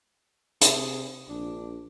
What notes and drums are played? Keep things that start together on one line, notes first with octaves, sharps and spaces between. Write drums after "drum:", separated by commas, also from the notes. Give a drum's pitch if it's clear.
C3 G#4, drum: hi-hat
A#1 D4